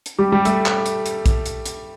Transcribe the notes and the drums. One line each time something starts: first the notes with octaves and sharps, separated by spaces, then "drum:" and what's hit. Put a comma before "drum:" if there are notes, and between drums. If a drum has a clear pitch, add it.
drum: hi-hat
G3 G4
G3 G4
A3 A4, drum: hi-hat
drum: clap
drum: hi-hat
drum: hi-hat
drum: kick A#1, hi-hat
drum: hi-hat
drum: hi-hat